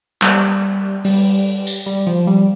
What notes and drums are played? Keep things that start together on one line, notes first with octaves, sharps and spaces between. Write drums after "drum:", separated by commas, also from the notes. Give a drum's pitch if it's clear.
G3, drum: clap
G3, drum: open hi-hat
drum: tambourine
G3
F3
G3